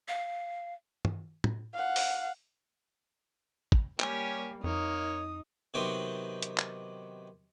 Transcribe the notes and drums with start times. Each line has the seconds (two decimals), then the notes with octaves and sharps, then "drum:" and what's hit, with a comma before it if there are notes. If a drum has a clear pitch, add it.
0.08 F5
1.05 drum: tom
1.44 drum: tom
1.73 F5 F#5
1.96 drum: open hi-hat
3.72 drum: kick
4.00 G3 A#3 C#4 G4 G#5, drum: clap
4.64 F2 A#3 D#4 C#5 D#6
5.74 C3 D#3 F#3 B3 G4 C6
6.42 drum: hi-hat
6.58 drum: clap